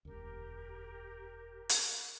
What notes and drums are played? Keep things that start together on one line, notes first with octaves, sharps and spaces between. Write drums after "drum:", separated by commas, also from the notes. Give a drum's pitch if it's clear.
E1 D2 G4 A#4
drum: hi-hat